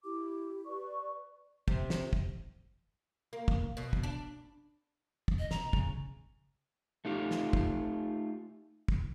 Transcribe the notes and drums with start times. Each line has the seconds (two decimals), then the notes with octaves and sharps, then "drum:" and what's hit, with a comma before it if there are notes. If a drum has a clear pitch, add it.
0.04 E4 G4 D6
0.65 B4 D5 C#6
1.68 C3, drum: kick
1.90 drum: snare
2.13 drum: kick
3.33 A#3
3.48 drum: kick
3.77 B2
3.93 drum: kick
4.03 D4
5.28 drum: kick
5.39 D#5
5.51 B2 A#5, drum: snare
5.73 C#3, drum: kick
7.05 A3 D#4 F4 G4
7.31 drum: snare
7.53 drum: kick
8.88 drum: kick